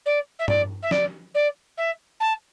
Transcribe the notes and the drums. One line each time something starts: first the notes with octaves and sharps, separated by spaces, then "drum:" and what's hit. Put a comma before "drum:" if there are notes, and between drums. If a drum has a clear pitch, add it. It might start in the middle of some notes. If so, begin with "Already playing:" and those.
D5
E5
D5, drum: tom G2
E5
D5, drum: snare
D5
E5
A5